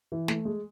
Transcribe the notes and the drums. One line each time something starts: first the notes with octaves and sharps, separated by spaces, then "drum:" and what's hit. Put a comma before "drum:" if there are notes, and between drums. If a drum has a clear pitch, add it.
E3
A3, drum: snare
G#3